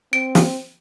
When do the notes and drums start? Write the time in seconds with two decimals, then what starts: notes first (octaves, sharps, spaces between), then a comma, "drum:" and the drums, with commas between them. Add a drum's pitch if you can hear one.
0.13 C4 D7
0.35 drum: snare